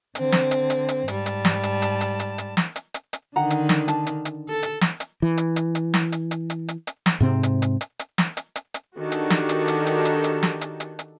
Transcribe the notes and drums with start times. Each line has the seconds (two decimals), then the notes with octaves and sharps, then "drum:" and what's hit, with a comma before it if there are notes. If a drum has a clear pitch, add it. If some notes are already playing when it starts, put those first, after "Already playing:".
0.15 D3 C4, drum: hi-hat
0.32 drum: snare
0.51 drum: hi-hat
0.70 drum: hi-hat
0.89 drum: hi-hat
1.08 G#2 G3 A5, drum: hi-hat
1.26 drum: hi-hat
1.45 drum: snare
1.63 drum: hi-hat
1.82 drum: hi-hat
2.01 drum: hi-hat
2.19 drum: hi-hat
2.38 drum: hi-hat
2.57 drum: snare
2.76 drum: hi-hat
2.94 drum: hi-hat
3.13 drum: hi-hat
3.36 D3 D#3 F#5 A#5
3.50 drum: hi-hat
3.69 drum: snare
3.88 A5, drum: hi-hat
4.07 drum: hi-hat
4.25 drum: hi-hat
4.49 A4
4.63 drum: hi-hat
4.81 drum: snare
5.00 drum: hi-hat
5.22 E3
5.38 drum: hi-hat
5.56 drum: hi-hat
5.75 drum: hi-hat
5.94 drum: snare
6.12 drum: hi-hat
6.31 drum: hi-hat
6.50 drum: hi-hat
6.68 drum: hi-hat
6.87 drum: hi-hat
7.06 drum: snare
7.20 G#2 C3 C4
7.43 drum: hi-hat
7.62 drum: hi-hat
7.81 drum: hi-hat
7.99 drum: hi-hat
8.18 drum: snare
8.37 drum: hi-hat
8.56 drum: hi-hat
8.74 drum: hi-hat
8.99 D#3 D4 F#4 G4 A4
9.12 drum: hi-hat
9.30 drum: snare
9.49 drum: hi-hat
9.68 drum: hi-hat
9.86 drum: hi-hat
10.05 drum: hi-hat
10.24 drum: hi-hat
10.43 drum: snare
10.61 drum: hi-hat
10.80 drum: hi-hat
10.99 drum: hi-hat